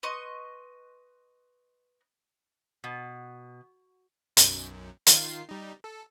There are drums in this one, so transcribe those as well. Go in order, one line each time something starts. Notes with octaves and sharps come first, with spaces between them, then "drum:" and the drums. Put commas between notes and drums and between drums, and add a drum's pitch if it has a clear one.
B4 D#5 C6 C#6
B2
B1 F#2, drum: hi-hat
D#3 F4 C7, drum: hi-hat
G3 D#4
A4